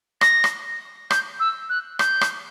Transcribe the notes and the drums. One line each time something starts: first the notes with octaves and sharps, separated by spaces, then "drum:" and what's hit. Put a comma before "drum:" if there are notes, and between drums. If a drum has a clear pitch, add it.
A#6, drum: rim click
drum: rim click
G6, drum: rim click
E6
F#6
G6, drum: rim click
drum: rim click